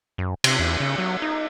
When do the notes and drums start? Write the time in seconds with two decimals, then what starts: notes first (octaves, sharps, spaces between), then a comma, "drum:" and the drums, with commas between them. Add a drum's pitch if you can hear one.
0.18 F#2
0.44 C3, drum: cymbal
0.59 E2
0.80 C#3
0.98 F#3
1.22 D#4